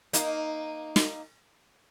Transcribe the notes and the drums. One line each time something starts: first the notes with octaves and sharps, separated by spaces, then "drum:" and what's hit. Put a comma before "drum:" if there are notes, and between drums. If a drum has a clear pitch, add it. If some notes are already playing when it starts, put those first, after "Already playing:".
A#3 D#4, drum: hi-hat
drum: snare